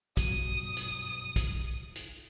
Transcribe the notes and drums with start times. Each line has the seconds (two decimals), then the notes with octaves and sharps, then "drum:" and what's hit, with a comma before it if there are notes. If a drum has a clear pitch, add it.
0.17 G2 B2 F#3 D#6, drum: kick, hi-hat
0.77 drum: hi-hat
1.36 drum: kick, hi-hat
1.95 drum: hi-hat